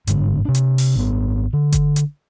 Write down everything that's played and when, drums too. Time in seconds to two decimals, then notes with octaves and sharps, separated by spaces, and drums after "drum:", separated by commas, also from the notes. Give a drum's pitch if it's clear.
0.07 G1 G#2 D3, drum: hi-hat
0.45 C3 D4
0.55 drum: hi-hat
0.78 drum: open hi-hat
0.96 G#1 B3
1.53 D3
1.72 drum: kick G1, hi-hat
1.96 drum: hi-hat